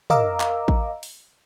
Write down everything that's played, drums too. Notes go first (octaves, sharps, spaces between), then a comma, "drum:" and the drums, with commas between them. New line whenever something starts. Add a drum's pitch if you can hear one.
A#4 D#5 F5 A#5 D6 E6, drum: tom
drum: clap
drum: kick A1
drum: open hi-hat